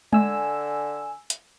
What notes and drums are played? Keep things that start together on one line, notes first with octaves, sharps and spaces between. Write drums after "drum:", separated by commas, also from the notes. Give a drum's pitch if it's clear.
D3 G#5 E6, drum: tom G#3
drum: hi-hat